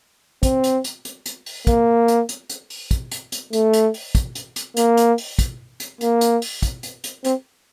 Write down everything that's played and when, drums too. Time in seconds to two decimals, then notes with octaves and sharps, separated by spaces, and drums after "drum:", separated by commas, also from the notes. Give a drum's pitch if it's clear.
0.43 C4, drum: kick, hi-hat
0.64 drum: hi-hat
0.84 drum: hi-hat
1.05 drum: hi-hat
1.26 drum: hi-hat
1.46 drum: open hi-hat
1.67 A#3, drum: kick, hi-hat
2.08 drum: hi-hat
2.29 drum: hi-hat
2.50 drum: hi-hat
2.70 drum: open hi-hat
2.91 drum: kick, hi-hat
3.11 drum: hi-hat
3.32 drum: hi-hat
3.53 A3, drum: hi-hat
3.73 drum: hi-hat
3.94 drum: open hi-hat
4.15 drum: kick, hi-hat
4.35 drum: hi-hat
4.56 drum: hi-hat
4.77 A#3, drum: hi-hat
4.97 drum: hi-hat
5.18 drum: open hi-hat
5.39 drum: kick, hi-hat
5.80 drum: hi-hat
6.01 A#3, drum: hi-hat
6.21 drum: hi-hat
6.42 drum: open hi-hat
6.62 drum: kick, hi-hat
6.83 drum: hi-hat
7.04 drum: hi-hat
7.24 C4, drum: hi-hat